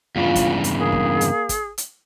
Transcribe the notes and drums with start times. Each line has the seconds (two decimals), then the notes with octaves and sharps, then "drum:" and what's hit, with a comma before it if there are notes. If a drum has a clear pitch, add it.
0.16 E2 G2 C#3 F4
0.36 drum: kick, hi-hat
0.64 drum: hi-hat
0.78 A#3 G#4
0.92 drum: kick
1.21 drum: hi-hat
1.49 drum: kick, hi-hat
1.78 drum: hi-hat